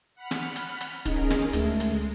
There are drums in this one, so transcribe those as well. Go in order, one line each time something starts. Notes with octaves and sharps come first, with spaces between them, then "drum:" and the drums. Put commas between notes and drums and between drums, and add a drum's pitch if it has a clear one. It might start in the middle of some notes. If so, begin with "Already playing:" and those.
F#5 B5 F6
drum: snare
drum: hi-hat
drum: hi-hat
C#4 D#4 G#4 A#4, drum: kick, hi-hat
drum: snare
D2 G#3 A3, drum: hi-hat
drum: hi-hat